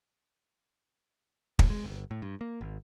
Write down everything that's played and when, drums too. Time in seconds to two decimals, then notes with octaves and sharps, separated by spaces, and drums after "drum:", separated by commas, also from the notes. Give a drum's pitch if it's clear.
1.59 A2, drum: kick
1.70 G#3
1.84 G1
2.11 A2
2.22 G2
2.41 A#3
2.61 G#1